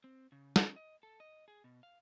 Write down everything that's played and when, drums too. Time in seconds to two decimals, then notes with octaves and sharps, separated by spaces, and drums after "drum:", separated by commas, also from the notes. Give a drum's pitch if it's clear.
0.04 C4
0.32 C#3
0.56 C#4, drum: snare
0.76 D#5
1.03 A4
1.20 D#5
1.48 G#4
1.64 B2
1.83 F5